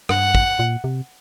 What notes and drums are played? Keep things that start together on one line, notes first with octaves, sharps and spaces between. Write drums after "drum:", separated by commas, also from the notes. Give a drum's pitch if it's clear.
G2 F#5, drum: rim click
drum: kick
A#2
C3